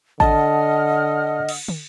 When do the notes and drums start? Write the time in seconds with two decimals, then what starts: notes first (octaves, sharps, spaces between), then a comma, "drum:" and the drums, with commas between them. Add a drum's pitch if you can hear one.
0.20 D3 D#5 F#5 A5 D#6 F6, drum: kick G#1
1.49 drum: cymbal
1.68 drum: tom